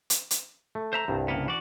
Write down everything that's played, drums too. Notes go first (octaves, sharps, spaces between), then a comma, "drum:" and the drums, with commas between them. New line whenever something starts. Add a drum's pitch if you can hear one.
drum: hi-hat
drum: hi-hat
A3
C5 E5 A#5
C2 G2
C#3 A#3 B3
E3 F#4 D5